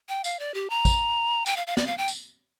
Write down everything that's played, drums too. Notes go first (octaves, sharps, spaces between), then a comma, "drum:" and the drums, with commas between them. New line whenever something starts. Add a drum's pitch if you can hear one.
G5
F5, drum: tambourine
D5
G4
A#5
drum: kick, tambourine
G5, drum: tambourine
F5
F5
D5, drum: snare
F5
G5
drum: tambourine